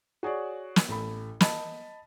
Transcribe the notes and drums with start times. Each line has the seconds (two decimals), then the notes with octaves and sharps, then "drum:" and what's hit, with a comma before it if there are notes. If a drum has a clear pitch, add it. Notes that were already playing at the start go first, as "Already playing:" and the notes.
0.23 F#4 G#4 C#5 D5
0.76 drum: snare
0.89 A1 A4 B5
1.41 D#5 A5 B5, drum: snare